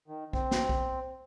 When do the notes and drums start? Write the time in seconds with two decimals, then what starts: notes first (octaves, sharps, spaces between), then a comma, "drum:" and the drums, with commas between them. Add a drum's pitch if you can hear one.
0.08 D#3
0.33 C4, drum: kick B1
0.51 drum: snare
0.69 drum: kick B1